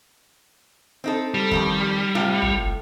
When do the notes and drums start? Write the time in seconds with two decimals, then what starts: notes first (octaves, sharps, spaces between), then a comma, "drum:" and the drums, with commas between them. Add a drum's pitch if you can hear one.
1.04 C4 D#4 A4
1.34 G3
1.51 F2 D#3 G4, drum: kick
2.15 A2 C3 F4
2.42 drum: tom